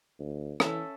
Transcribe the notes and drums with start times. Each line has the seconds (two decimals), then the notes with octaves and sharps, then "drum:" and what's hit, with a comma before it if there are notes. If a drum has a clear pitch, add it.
0.20 D2
0.60 E3 C#4 A4 E5, drum: rim click